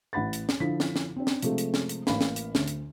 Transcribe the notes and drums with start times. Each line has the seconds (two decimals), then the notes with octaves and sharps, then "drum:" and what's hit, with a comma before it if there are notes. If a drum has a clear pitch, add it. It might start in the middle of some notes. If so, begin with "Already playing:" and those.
0.13 A1 F#5 B5 A6
0.33 drum: hi-hat
0.49 drum: snare
0.60 D3 F3 E4 B6
0.80 drum: snare
0.96 drum: snare
1.16 C4 D4
1.27 drum: snare
1.42 C3 F3 G#3 A3, drum: hi-hat
1.58 drum: hi-hat
1.74 drum: snare
1.89 drum: hi-hat
2.07 A1 A#3 F5 B5, drum: snare
2.21 drum: snare
2.36 drum: hi-hat
2.55 D2, drum: snare
2.68 drum: hi-hat